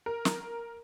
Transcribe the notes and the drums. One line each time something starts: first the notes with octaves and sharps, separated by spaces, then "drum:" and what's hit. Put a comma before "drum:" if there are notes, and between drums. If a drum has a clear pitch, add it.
A#4
drum: snare